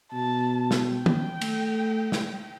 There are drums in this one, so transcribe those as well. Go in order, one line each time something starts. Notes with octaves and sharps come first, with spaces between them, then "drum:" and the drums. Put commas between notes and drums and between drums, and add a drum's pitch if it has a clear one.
B2 A5
drum: snare
G5
drum: tom
A3, drum: cymbal
drum: snare